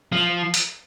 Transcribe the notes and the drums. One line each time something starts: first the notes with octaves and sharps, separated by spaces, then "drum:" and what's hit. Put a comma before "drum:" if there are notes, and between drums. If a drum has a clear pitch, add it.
F3
drum: hi-hat